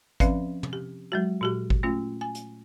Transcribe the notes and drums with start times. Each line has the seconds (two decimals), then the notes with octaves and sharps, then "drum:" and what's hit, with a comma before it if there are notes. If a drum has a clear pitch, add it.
0.20 F3 C4 C#4 B4 D5 F5, drum: kick G#1, hi-hat
0.63 drum: tom
0.73 G4
1.12 F#3 G#3 F#4
1.41 A#2 F#4 G4
1.70 drum: kick G#1
1.83 A3 C#4 F4
2.21 G#5
2.35 drum: hi-hat